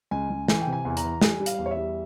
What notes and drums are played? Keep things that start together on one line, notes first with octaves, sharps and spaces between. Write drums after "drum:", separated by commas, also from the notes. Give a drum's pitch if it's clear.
C#2 G#5
C#2
E3 G#5, drum: snare
G5
C3
G#5
E2
G#5
A#5, drum: hi-hat
E3
G3 G#5, drum: snare
G3
F5, drum: hi-hat
E2
C#5
E5
G3